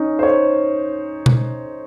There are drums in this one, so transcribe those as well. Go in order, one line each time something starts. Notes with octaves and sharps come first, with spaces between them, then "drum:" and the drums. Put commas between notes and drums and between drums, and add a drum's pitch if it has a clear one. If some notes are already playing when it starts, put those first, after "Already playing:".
Already playing: C#4 D#4
C5
C#5
drum: tom B2